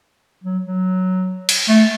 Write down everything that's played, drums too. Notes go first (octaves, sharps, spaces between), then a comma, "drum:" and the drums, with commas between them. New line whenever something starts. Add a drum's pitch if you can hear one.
F#3
F#3
drum: cymbal
A3